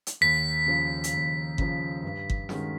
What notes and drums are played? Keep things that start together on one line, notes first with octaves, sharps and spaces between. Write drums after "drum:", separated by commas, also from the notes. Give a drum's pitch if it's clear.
drum: hi-hat
D#2 B6
C#3 F3
drum: hi-hat
D#2
C#3 F3, drum: kick G1
G2
drum: kick G1
D#3 G#3 C#4 F#4, drum: snare